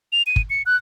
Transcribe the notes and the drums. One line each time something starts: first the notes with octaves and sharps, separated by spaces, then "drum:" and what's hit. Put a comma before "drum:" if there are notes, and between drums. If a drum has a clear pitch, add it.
F7
D#7
drum: kick
C#7
F#6